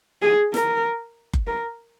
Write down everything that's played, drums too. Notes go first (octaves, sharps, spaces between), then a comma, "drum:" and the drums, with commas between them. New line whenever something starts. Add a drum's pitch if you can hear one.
G#4
A#4, drum: snare
drum: kick F#1
A#4